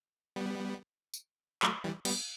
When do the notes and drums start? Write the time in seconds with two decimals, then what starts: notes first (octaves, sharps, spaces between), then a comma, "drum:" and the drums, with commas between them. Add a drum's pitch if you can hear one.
0.36 G3 B3
1.14 drum: tambourine
1.63 F#3 A3, drum: clap
1.84 E3 G3
2.05 G3 B3, drum: cymbal